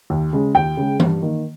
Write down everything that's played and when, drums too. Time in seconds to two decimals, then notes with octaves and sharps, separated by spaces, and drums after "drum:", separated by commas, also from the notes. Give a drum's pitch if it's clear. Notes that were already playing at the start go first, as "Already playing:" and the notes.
0.10 D#2
0.33 C#3 G#3
0.55 D#2 G5
0.77 C#3 G#3
1.00 G2, drum: tom E3
1.22 D#3 A#3